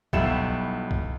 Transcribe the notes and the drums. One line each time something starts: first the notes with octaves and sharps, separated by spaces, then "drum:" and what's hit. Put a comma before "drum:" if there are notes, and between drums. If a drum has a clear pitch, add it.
B1 B2 F#3 G3 E4 E7, drum: kick
drum: kick